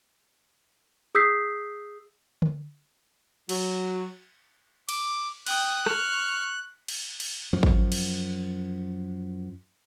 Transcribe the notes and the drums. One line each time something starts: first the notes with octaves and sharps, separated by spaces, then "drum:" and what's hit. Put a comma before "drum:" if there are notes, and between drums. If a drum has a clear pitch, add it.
G#4 D#6 E6 G6 B6 C7
drum: tom D3
F#3, drum: cymbal
D6, drum: cymbal
G5 D#6 F#6, drum: cymbal
C#6 F6, drum: rim click
drum: cymbal
drum: cymbal
F#2 F3
drum: kick
drum: cymbal